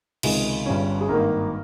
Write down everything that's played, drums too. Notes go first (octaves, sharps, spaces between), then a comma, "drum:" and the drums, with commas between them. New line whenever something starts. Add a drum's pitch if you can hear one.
C#2 C3 D#3 G#3 G#4, drum: cymbal
G1 G2 G3 C#4
G#4
G#1 G2 D#3 A#3 A#4